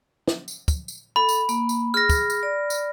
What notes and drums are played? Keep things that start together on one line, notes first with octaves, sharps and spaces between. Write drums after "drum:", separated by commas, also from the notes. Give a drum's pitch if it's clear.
drum: snare
drum: tambourine
drum: kick, tambourine
drum: tambourine
A4 B5
drum: tambourine
A#3, drum: tambourine
drum: tambourine
G#4 F6 A#6
drum: kick, tambourine
drum: tambourine
D5
drum: tambourine